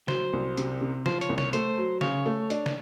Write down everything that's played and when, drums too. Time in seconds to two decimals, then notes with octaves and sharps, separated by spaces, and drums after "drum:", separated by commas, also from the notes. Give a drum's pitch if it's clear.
0.08 F#3 C5, drum: snare
0.33 C2
0.57 C3, drum: hi-hat
0.81 C3
1.06 F3 C5, drum: snare
1.21 C#5, drum: hi-hat
1.29 C2
1.38 C#5, drum: snare
1.53 A3 C5, drum: hi-hat
1.78 F#3
2.01 C#3 C#5, drum: snare
2.26 A3
2.50 D4, drum: hi-hat
2.66 drum: snare